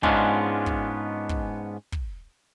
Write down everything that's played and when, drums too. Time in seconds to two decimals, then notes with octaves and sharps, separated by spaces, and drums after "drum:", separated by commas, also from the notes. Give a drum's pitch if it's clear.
0.03 G#2 G#3 B3 C#4 D4 F4, drum: kick
0.66 drum: kick
1.29 drum: kick
1.92 drum: kick